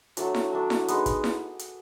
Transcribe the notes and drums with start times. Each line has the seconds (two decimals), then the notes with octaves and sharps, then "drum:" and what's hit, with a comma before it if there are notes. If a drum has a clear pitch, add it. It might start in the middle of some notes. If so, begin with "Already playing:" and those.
0.17 F#3 A3 D4 F#4, drum: hi-hat
0.34 drum: snare E4
0.52 F#3 A3 D4 F#4
0.70 drum: snare E4
0.88 G#3 B3 D#4, drum: hi-hat
1.06 drum: kick, hi-hat
1.24 drum: snare E4
1.59 drum: hi-hat